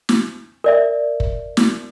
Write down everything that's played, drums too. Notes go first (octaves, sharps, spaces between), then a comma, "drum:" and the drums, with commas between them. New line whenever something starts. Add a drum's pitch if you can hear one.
drum: snare
A#4 D5 E5
drum: kick
drum: snare